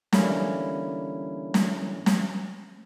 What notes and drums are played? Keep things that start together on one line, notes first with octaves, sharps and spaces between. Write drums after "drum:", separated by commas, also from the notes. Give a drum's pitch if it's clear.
D3 E3 G3 A#3 C#4 E4, drum: snare
drum: snare
drum: snare